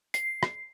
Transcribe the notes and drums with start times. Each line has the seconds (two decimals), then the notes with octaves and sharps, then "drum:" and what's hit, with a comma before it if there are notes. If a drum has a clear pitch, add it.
0.14 C7, drum: hi-hat
0.43 drum: rim click